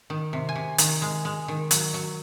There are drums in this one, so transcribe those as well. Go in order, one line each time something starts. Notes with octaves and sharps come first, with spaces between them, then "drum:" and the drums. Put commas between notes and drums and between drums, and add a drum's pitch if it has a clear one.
D#3
C3
G#5
C3
D#3 A#5, drum: hi-hat
G#3
G#3
D#3
F#3, drum: hi-hat
F#3